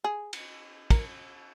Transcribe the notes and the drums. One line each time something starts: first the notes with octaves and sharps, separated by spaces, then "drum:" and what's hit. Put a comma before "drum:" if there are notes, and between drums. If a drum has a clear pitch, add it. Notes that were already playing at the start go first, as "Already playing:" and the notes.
G#4
drum: cymbal
A#4, drum: kick, cymbal